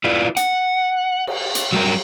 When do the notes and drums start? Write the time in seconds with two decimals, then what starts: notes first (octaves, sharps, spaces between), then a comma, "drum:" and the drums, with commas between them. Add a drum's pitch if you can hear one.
0.04 E4 F4 B4 D5
0.37 F#5, drum: hi-hat
1.27 drum: cymbal
1.55 drum: hi-hat
1.73 F#3 G3 A#4